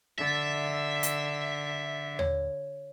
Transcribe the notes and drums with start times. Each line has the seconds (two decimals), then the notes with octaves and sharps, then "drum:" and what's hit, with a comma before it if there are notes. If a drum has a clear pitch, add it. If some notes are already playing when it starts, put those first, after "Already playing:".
0.18 D3 E5
1.03 drum: hi-hat
2.19 C#5, drum: tom D#2